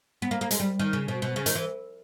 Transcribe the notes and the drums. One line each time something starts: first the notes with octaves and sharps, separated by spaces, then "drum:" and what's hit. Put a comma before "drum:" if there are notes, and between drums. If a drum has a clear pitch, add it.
B3
A#3
A#3
G#3, drum: hi-hat
G3
D#3
C#3
B2
B2
C#3
D#3, drum: hi-hat
E3